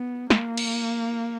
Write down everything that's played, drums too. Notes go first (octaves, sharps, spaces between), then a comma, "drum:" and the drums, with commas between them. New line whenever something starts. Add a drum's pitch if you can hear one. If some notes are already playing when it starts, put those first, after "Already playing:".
Already playing: B3
A#3, drum: snare
drum: cymbal